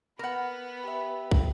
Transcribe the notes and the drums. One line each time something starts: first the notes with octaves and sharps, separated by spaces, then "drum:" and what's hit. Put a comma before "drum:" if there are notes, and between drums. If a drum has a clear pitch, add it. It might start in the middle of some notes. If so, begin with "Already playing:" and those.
B3 A#4 F#5 B5
G4 E5
drum: kick